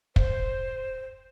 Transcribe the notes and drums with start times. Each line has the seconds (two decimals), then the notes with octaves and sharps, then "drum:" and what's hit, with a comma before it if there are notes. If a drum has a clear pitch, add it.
0.16 C5, drum: kick